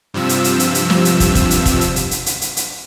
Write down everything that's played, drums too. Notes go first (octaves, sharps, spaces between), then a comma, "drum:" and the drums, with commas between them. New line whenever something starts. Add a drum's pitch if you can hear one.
G2 C3 F3 E6
drum: hi-hat
drum: hi-hat
drum: hi-hat
drum: hi-hat
drum: snare
drum: hi-hat
drum: kick, hi-hat
drum: kick, hi-hat
drum: hi-hat
drum: kick, hi-hat
drum: hi-hat
drum: hi-hat
drum: hi-hat
drum: hi-hat
drum: hi-hat
drum: hi-hat